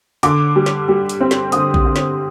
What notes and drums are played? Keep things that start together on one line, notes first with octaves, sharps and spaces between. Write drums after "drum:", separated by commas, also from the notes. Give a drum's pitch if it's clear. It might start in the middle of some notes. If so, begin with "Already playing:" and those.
D3 D6, drum: hi-hat
G3
drum: snare
G3
drum: hi-hat
C4
drum: snare
D3 D#6, drum: hi-hat
drum: kick A#1
D3
drum: snare